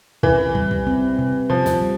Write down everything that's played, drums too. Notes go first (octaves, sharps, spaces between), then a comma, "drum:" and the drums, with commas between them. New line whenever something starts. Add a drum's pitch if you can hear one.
C3 E3, drum: kick
G3, drum: kick
drum: kick
C4
C3
C3 F3
drum: snare
G3